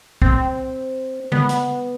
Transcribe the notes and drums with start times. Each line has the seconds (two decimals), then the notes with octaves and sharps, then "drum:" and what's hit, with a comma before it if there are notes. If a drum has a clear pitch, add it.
0.22 C4, drum: kick
1.32 B3, drum: tom C#3
1.49 drum: hi-hat